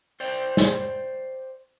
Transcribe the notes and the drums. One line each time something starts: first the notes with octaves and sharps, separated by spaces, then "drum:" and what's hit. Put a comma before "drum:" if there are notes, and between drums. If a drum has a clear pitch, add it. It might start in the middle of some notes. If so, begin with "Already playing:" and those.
C5 D5 G5
drum: snare